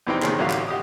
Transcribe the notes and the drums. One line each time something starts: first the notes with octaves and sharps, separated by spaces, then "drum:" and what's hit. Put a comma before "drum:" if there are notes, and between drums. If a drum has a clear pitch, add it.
E2 C3 E3 C4 D#4 G5
A2 C3 D#3 C#4 G#4, drum: clap
A1 D3 F#3 E5 F5
drum: clap
F#4 G4 D#6